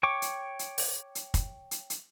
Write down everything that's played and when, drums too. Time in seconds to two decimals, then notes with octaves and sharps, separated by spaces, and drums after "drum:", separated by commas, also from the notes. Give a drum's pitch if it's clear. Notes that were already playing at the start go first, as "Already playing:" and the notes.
0.03 C#5 G5 C#6 D6
0.22 drum: hi-hat
0.59 drum: hi-hat
0.78 drum: open hi-hat
1.15 drum: hi-hat
1.34 drum: kick, hi-hat
1.71 drum: hi-hat
1.90 drum: hi-hat